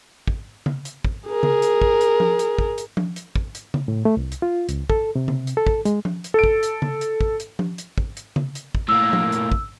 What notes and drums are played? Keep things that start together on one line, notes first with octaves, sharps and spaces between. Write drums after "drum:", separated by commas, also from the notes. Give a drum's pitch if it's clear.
drum: kick
drum: tom C#3
drum: hi-hat
drum: kick
G#4 A#4
drum: tom C#3
drum: hi-hat
drum: kick
drum: hi-hat
drum: tom F3
drum: hi-hat
drum: kick
drum: hi-hat
drum: tom F3
drum: hi-hat
drum: kick
drum: hi-hat
drum: tom C#3
A2
A3
C2
drum: hi-hat
F4
C#2, drum: hi-hat
A4, drum: kick
C3
drum: tom C#3
drum: hi-hat
A4
drum: kick
G#3, drum: hi-hat
drum: tom F3
drum: hi-hat
A4 D7
drum: kick
drum: hi-hat
drum: tom C#3
drum: hi-hat
drum: kick
drum: hi-hat
drum: tom F3
drum: hi-hat
drum: kick
drum: hi-hat
drum: tom C#3
drum: hi-hat
drum: kick
A2 A#3 E6
drum: tom F3
drum: hi-hat
drum: kick